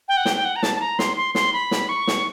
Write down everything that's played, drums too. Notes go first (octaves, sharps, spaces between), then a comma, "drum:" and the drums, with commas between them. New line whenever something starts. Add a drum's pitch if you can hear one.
G5
F#5
G5, drum: snare
G5
F#5
A#5
A5, drum: snare
A5
A#5
C6, drum: snare
C6
C6, drum: snare
B5
drum: snare
C#6
drum: snare